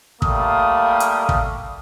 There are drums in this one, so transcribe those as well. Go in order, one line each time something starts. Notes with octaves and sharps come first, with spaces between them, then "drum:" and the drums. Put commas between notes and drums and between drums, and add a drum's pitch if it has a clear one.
G3 A3 A#3 F5 D#6, drum: kick
drum: hi-hat
drum: kick